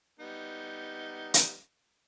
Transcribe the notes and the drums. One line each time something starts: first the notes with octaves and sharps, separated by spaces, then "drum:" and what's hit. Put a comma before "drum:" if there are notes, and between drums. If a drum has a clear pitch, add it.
G3 B3 D#4
drum: hi-hat